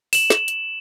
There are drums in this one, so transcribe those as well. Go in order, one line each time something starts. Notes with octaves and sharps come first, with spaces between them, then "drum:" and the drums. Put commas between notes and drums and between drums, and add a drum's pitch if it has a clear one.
E7 F#7, drum: open hi-hat
drum: snare
drum: hi-hat